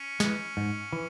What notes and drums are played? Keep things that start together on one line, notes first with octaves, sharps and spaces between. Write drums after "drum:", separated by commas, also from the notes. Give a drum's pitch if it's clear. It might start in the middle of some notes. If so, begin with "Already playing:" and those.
Already playing: C#4
E3 G#3, drum: snare
G#2
E3